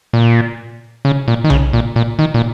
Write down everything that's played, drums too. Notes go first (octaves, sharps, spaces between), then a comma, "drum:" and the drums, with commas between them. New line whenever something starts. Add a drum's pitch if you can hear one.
A#2
C#3
A#2
D#3
C#3, drum: tom B1
A#2
A#2
D#3
A#2